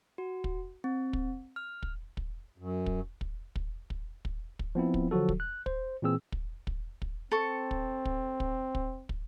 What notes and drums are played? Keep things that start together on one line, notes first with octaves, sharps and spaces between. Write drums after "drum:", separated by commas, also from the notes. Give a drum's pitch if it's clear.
F#4
drum: kick
C4
drum: kick
F6
drum: kick
drum: kick
F#2
drum: kick
drum: kick
drum: kick
drum: kick
drum: kick
drum: kick
F3 B3 C4 E4
drum: kick
D3 F3 F#3 F#4 A4
drum: kick
F#6
C5, drum: kick
A#2 E3 C4 G#4 E6
drum: kick
drum: kick
drum: kick
C4 A4 C#6
drum: kick
drum: kick
drum: kick
drum: kick
drum: kick